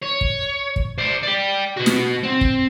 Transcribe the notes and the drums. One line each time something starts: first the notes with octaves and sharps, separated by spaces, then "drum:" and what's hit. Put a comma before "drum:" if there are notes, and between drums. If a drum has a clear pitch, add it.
C#5
drum: kick
drum: kick
C5 D5
D5 G5
B2 F#4
drum: snare
C4
drum: kick